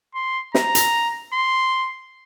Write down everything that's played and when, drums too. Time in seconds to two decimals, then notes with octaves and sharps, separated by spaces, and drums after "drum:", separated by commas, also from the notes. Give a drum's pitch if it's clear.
0.14 C6
0.55 A#5, drum: snare
0.75 drum: hi-hat
1.33 C6